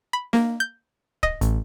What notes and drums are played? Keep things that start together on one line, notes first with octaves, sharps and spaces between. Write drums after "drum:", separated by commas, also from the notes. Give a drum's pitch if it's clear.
B5
A#3, drum: snare
G6
D#5, drum: kick
A1, drum: hi-hat